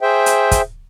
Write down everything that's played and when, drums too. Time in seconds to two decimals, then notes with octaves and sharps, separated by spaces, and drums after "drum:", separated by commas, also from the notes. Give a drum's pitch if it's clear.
0.01 G#4 C5 E5 G5
0.26 drum: hi-hat
0.51 drum: kick, hi-hat